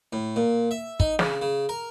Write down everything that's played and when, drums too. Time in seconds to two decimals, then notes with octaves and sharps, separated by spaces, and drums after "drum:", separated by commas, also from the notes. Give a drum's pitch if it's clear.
0.13 A2
0.36 A#2
0.71 E5
1.00 D#4, drum: kick
1.19 C#3, drum: snare
1.42 C#3
1.69 A#4